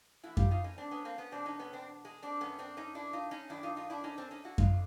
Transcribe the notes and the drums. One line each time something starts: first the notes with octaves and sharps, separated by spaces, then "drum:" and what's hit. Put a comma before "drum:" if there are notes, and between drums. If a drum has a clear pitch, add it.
A2 E3 E4 F#4
F4 G4, drum: kick F#2
D#4 F4
C#4 D#4
C4 D4
B3 C#4
A#3 C4
B3 C#4
E2 B2 C4 D4
C#4 D#4
B3 C#4
C4 D4
G#3
C4 D4
F#2 D#3 B3 C#4
C4 D4
C#4 D#4
D4 E4
D#4 F4
C#4 D#4
F#2 D#3 D4 E4
D#4 F4
D#4 F4
D4 E4
C#4 D#4
C4 D4
C#4 D#4
E4 F#4
F2 D3 D#4 F4, drum: kick F#2